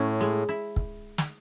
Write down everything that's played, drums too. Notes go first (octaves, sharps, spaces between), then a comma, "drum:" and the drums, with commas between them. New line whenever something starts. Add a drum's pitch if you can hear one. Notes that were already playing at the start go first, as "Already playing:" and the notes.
Already playing: A2 C#4
G#3
E4
drum: kick
drum: snare